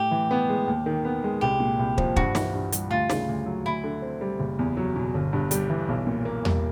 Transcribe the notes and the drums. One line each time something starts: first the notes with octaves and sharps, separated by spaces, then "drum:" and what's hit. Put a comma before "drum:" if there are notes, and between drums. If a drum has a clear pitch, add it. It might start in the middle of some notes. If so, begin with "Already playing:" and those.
Already playing: A2 G4
E3
B3
G#3
D#2
D#3
B3
G#3
C2 G4
A#2
C2
F3, drum: kick
G2 F#4, drum: kick
E3, drum: snare
G2
G3, drum: hi-hat
D2 F4
C#3, drum: snare
D2
F#3
D2 E4
D3
C4
G3
F#1
E2
F#3
B2
G1
G2
G3, drum: hi-hat
E3
B1
A#2
A#3
G3, drum: tom E2